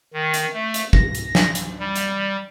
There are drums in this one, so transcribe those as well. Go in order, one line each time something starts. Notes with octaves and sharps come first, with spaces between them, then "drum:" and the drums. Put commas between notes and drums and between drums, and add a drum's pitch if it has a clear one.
D#3
drum: hi-hat
A3
drum: hi-hat
A#6, drum: kick
drum: hi-hat
drum: snare
drum: hi-hat
G3
drum: hi-hat